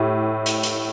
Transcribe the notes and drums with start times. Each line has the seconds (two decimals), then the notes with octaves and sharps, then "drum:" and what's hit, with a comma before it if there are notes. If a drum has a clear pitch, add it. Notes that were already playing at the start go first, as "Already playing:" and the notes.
Already playing: A2 G4
0.46 drum: hi-hat
0.63 drum: hi-hat